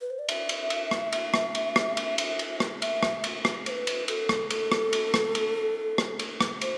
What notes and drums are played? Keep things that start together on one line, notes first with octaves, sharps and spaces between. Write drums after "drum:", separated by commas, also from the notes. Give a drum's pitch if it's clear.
B4
C5
D5
E5, drum: cymbal
drum: cymbal
drum: cymbal
drum: rim click
drum: cymbal
drum: rim click
drum: cymbal
drum: rim click
drum: cymbal
drum: cymbal
drum: cymbal
drum: rim click
E5, drum: cymbal
drum: rim click
drum: cymbal
drum: rim click
C5, drum: cymbal
B4
drum: cymbal
A4, drum: cymbal
drum: rim click
A4, drum: cymbal
drum: rim click
drum: cymbal
drum: rim click
drum: cymbal
drum: rim click
drum: cymbal
drum: rim click
C5, drum: cymbal